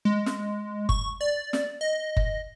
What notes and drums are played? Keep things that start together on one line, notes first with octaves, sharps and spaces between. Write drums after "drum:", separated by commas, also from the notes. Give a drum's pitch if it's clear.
G#3
drum: snare
C#6, drum: kick F#1
D5
drum: snare
D#5
drum: kick F#1